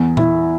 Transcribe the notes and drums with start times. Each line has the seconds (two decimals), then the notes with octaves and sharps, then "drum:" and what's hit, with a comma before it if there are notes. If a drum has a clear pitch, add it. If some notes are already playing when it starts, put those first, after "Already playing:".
Already playing: E2
0.17 E4, drum: tom